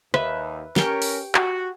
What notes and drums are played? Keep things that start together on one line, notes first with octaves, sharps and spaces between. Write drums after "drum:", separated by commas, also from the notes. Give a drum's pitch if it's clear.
D#2 B4 E5, drum: rim click
C#4 G4 A#4 G5 C#6, drum: snare
drum: open hi-hat
F#4, drum: clap